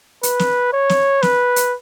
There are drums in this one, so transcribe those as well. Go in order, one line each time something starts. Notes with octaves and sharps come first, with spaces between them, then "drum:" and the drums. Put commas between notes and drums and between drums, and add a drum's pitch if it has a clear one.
B4, drum: hi-hat
drum: snare
C#5
drum: snare
B4, drum: snare
drum: hi-hat